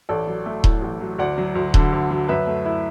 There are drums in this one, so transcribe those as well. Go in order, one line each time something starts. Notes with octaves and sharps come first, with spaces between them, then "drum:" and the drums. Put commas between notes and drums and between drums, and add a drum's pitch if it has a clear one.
A1 A4 D5
F#3
A3
A2, drum: kick D#1
A1
F#3
D2 D5 F#5
F#3
D2
D3, drum: kick D#1
D2
F#3
F#2 B4 E5
A3
E4